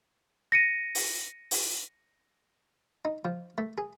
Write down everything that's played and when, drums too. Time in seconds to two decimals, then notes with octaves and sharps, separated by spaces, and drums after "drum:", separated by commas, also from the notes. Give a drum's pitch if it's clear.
0.52 A#6 C#7 D#7
0.95 drum: open hi-hat
1.51 drum: open hi-hat
3.05 D#4
3.25 F3
3.58 A3
3.78 G#4